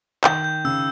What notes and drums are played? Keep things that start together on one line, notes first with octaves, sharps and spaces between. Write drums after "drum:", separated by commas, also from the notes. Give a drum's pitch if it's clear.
D#3 G6, drum: clap
G6
C#3 E6